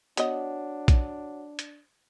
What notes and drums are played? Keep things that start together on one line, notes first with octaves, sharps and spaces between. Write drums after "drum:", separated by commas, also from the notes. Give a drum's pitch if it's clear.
B3 D4 F#4 C#5 D#5 F#5, drum: hi-hat
drum: kick A#1, hi-hat
drum: hi-hat